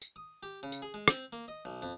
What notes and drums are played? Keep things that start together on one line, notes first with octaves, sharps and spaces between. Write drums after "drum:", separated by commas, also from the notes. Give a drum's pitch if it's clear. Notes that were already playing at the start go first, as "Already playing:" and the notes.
drum: tambourine
D#6
G4
C#3
drum: tambourine
G#4
G#3
C4, drum: rim click
A#3
D#5
B1
F2